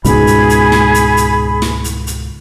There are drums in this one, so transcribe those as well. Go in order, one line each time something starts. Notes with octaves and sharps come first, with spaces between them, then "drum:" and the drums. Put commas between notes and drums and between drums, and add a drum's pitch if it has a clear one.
C#2 G#2 B2 G#4 B5, drum: hi-hat
drum: hi-hat
drum: hi-hat
drum: snare
drum: hi-hat
drum: hi-hat
drum: snare
drum: hi-hat
drum: hi-hat